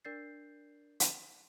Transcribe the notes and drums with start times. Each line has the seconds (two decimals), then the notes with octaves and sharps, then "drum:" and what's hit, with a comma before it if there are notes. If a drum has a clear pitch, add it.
0.05 D4 A#4 D5 G6 A6 C7
1.00 drum: hi-hat